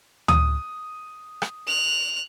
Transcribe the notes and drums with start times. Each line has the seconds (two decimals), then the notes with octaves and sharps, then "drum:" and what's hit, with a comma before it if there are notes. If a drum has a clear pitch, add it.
0.28 D#6, drum: tom D2
1.42 drum: rim click
1.67 F#6 F7